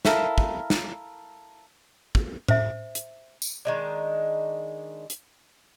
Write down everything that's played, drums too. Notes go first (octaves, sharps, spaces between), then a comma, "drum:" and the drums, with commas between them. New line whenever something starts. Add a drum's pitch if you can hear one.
E4 A4 A#4 F5, drum: snare
drum: kick
drum: snare
drum: kick
C5 E5, drum: tom A2
drum: hi-hat
drum: tambourine
D#3 G#3 D4
drum: hi-hat